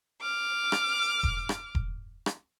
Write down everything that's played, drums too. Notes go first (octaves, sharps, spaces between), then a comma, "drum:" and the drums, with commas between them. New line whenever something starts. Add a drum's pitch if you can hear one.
D6 F6
drum: rim click
drum: kick E1
drum: rim click
drum: kick E1
drum: rim click